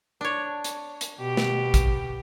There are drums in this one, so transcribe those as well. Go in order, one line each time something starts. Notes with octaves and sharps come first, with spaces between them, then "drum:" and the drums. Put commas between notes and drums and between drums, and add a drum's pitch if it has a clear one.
D4 C#5
drum: hi-hat
drum: hi-hat
B2 G4
drum: snare
drum: kick, hi-hat